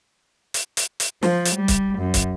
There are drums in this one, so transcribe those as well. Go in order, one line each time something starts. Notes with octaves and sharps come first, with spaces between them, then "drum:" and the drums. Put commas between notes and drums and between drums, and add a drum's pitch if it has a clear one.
drum: hi-hat
drum: hi-hat
drum: hi-hat
F3, drum: snare
drum: hi-hat
G3
drum: kick, hi-hat
F#2
drum: kick, hi-hat